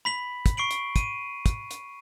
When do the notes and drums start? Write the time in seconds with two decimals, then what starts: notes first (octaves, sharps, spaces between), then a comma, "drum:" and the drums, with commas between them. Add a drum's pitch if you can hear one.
0.05 B5 B6 F#7
0.46 drum: kick, hi-hat
0.57 C#6 C7 D7 F#7
0.71 drum: hi-hat
0.96 D#7, drum: kick, hi-hat
1.46 drum: kick, hi-hat
1.71 drum: hi-hat